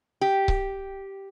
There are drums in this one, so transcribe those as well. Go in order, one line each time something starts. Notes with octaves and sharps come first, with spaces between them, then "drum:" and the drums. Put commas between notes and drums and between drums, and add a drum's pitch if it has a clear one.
G4
drum: kick C#1